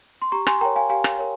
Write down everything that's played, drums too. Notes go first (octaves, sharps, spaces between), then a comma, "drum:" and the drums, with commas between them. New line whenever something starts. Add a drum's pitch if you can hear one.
C6
G4 A#5 C#6
G#5 C6, drum: rim click
A#4 C#5 G5 A#5
F5 G#5
G4 F5 G#5
drum: rim click
A#4 C#5